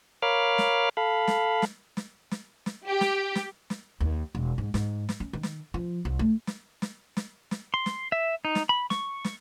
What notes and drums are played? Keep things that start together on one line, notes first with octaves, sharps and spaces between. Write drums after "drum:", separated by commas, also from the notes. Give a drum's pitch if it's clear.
A#4 C#5 F5 B5 D6 F6
drum: snare
A4 F5 B5
drum: snare
drum: snare
drum: snare
drum: snare
drum: snare
G4
drum: snare
drum: snare
drum: snare
D#2
E1
G#2
G#2, drum: snare
drum: snare
C#4
D#3
drum: snare
F3
C2
A3
drum: snare
drum: snare
drum: snare
drum: snare
C6
drum: snare
E5
D#4
drum: snare
B5
C#6, drum: snare
drum: snare